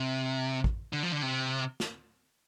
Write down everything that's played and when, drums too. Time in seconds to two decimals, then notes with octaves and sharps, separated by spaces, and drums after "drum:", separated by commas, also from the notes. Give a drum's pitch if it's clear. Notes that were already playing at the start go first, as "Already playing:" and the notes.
Already playing: C3
0.64 drum: kick
0.93 D3
1.03 F3
1.12 D3
1.22 C3
1.80 drum: snare